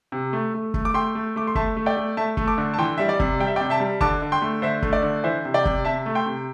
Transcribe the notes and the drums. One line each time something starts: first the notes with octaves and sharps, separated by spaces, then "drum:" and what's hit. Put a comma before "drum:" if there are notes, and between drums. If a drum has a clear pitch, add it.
C3
A3
A3
A3, drum: kick
D6
A3 G5 C6
A3
A3 D6
C6
A3 E5 A5, drum: kick
A3
D5 G5
A3
A3 E5 A5
A3, drum: kick
A5 D6
D3
A5
E3 G5 C6
G3 E5
D5
C3, drum: kick
G3 G5
E5
C3 D5 G5
E5 A5
G3
D3 A5 D6, drum: kick
D3
G5 C6
A3
D3 C5 E5
A3, drum: kick
D5
D3
E3 C5 E5
C3
D5 G5
C3, drum: kick
C3 E5 A5
A3
G5 C6
C3